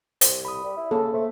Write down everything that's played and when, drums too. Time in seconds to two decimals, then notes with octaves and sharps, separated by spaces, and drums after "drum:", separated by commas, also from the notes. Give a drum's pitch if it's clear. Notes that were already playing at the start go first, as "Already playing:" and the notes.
0.21 C2 C5, drum: hi-hat
0.45 B5 D#6
0.63 G3
0.77 E4
0.91 C#3 A#3 A4
1.13 A3 C5